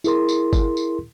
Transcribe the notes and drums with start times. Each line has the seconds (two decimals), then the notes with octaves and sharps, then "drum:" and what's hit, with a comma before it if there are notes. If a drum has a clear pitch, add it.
0.04 E4 G#4 A#4 C6, drum: tambourine
0.29 drum: tambourine
0.53 drum: kick G1, tambourine
0.77 drum: tambourine